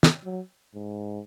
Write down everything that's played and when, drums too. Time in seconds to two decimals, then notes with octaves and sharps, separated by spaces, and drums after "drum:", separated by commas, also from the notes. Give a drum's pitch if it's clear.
0.03 drum: snare
0.24 F#3
0.75 G#2